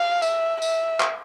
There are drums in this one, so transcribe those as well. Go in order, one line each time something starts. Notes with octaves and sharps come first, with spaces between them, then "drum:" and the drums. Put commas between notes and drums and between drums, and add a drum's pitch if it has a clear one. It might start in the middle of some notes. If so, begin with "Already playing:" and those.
Already playing: F5
E5, drum: tambourine
E5, drum: tambourine
drum: clap